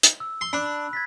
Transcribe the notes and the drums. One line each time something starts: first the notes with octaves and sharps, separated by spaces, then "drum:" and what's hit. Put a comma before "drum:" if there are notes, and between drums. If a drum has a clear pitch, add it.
drum: hi-hat
E6
C6
D4 B5 F#6
G#6 A6 B6